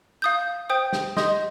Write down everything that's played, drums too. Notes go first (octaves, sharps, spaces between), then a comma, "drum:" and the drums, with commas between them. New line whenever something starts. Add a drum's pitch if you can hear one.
F5 D#6 G6
C5 G5 D#6 G6
drum: snare
D#5 C6 D#6 G6, drum: snare